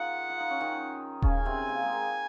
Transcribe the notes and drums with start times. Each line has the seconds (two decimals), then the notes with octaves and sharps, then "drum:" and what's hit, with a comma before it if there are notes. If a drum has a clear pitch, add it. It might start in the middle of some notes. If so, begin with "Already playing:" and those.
Already playing: D#3 D#4 F4 G#4 A#4 F#5
0.30 F4
0.40 D#4
0.50 C#4
0.60 D#3 D#4
1.22 C#3 C#4 G#5, drum: kick D#1
1.45 C3 C4
1.69 A#3
1.83 G#3
1.93 A#3